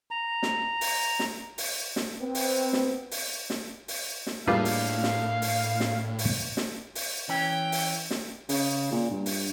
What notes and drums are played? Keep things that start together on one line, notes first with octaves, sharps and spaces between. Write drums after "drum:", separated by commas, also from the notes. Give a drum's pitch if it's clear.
A#5
drum: snare
drum: open hi-hat
drum: snare
drum: open hi-hat
drum: snare
B3 C4
drum: open hi-hat
drum: snare
drum: open hi-hat
drum: snare
drum: open hi-hat
drum: snare
A2 G3 A#3 D4 F4 G#4 B4 F5
drum: open hi-hat
drum: snare
drum: open hi-hat
drum: snare
drum: open hi-hat
drum: snare
drum: open hi-hat
E3 C#4 G5
drum: open hi-hat
drum: snare
C#3, drum: open hi-hat
A#2
G2
drum: open hi-hat